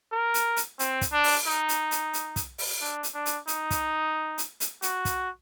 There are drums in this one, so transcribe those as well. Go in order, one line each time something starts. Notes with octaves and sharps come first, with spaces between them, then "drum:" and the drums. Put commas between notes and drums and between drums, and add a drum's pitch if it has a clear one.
A#4
drum: hi-hat
drum: hi-hat
C4, drum: hi-hat
drum: kick, hi-hat
D4
drum: open hi-hat
D#4
drum: hi-hat
drum: hi-hat
drum: hi-hat
drum: kick, hi-hat
drum: open hi-hat
D4
drum: hi-hat
D4
drum: hi-hat
D#4, drum: hi-hat
drum: kick, hi-hat
drum: hi-hat
drum: hi-hat
F#4, drum: hi-hat
drum: kick, hi-hat